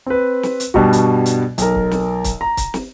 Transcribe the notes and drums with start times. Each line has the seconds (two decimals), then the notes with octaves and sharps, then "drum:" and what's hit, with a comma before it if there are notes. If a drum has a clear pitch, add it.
0.06 C4 B4
0.43 drum: snare
0.60 drum: hi-hat
0.74 G2 B2 G3 F#4, drum: kick
0.93 drum: hi-hat
1.26 drum: hi-hat
1.58 B1 A#4, drum: hi-hat
1.75 drum: kick
1.91 drum: snare
2.24 drum: kick, hi-hat
2.41 A#5
2.57 drum: kick, hi-hat
2.74 drum: snare